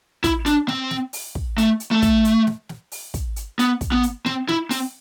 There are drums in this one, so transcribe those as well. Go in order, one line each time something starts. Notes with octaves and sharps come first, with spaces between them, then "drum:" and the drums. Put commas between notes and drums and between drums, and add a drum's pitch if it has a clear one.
E4, drum: kick, hi-hat
D4, drum: hi-hat
C4, drum: snare
drum: snare
drum: open hi-hat
drum: kick
A3, drum: hi-hat
drum: hi-hat
A3
drum: kick, hi-hat
drum: hi-hat
drum: snare
drum: snare
drum: open hi-hat
drum: kick, hi-hat
drum: hi-hat
B3, drum: hi-hat
drum: kick, hi-hat
B3
drum: hi-hat
C4, drum: snare
E4, drum: snare
C4, drum: open hi-hat